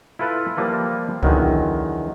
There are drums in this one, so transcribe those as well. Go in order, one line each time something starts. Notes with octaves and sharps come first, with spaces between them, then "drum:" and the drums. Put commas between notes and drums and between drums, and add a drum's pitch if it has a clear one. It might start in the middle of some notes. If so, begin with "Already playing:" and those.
E4 F4 A4 B4
F3 G3 A#3 A4 B4
E2 D3 D#3 F#3, drum: kick C#2